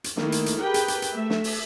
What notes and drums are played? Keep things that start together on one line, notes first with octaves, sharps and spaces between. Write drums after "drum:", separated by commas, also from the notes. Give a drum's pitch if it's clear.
drum: hi-hat
D#3 A3 A#3 E4, drum: snare
drum: hi-hat
drum: hi-hat
G4 G#4 A#4 B4 G5
drum: hi-hat
drum: hi-hat
drum: hi-hat
A3 E5
drum: snare
drum: open hi-hat